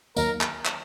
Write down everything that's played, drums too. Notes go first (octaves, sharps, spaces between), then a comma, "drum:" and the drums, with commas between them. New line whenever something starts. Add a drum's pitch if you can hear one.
D#2 D#3 F#3 A#3 D#4 A#4, drum: tambourine
drum: clap
drum: clap